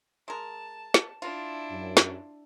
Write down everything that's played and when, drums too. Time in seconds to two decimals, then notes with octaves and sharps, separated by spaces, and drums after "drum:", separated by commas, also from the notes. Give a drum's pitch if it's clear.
0.28 G#3 A#4 A5
0.94 drum: snare
1.22 D4 E4 F4
1.71 F#2
1.97 drum: snare